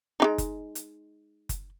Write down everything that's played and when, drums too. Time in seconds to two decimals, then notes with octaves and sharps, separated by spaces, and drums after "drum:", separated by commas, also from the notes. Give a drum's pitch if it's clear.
0.20 G#3 D4 D#4
0.38 drum: kick F#1, hi-hat
0.75 drum: hi-hat
1.49 drum: kick F#1, hi-hat